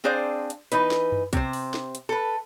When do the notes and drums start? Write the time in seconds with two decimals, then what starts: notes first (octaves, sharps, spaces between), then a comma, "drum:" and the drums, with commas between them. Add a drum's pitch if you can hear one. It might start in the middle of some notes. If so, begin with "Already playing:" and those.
0.04 C4 D4 G#4 C5 D5 F5
0.50 drum: hi-hat
0.72 E3 D#4 B4, drum: hi-hat
0.91 drum: snare
1.12 drum: tom F#2
1.33 C3 C5, drum: kick, hi-hat
1.53 drum: open hi-hat
1.74 drum: snare
1.95 drum: hi-hat
2.09 A4 B4